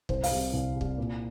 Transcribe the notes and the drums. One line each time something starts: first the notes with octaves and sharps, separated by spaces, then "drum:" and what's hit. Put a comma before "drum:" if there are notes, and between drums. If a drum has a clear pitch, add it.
C2 C5, drum: kick
F5, drum: open hi-hat
C3 G3
C2
C3
G3, drum: kick
A#2